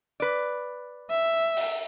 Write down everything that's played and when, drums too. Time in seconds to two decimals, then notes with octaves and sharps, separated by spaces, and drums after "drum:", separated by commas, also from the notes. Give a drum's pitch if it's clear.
0.20 B4 D5
1.10 E5
1.57 drum: open hi-hat